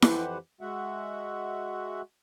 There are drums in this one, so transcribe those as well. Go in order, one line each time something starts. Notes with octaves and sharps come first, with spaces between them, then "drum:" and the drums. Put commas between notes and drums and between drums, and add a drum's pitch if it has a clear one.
F2 E3 G4 B4 C5 F#5, drum: snare E4
G#3 F#4 E5 F#5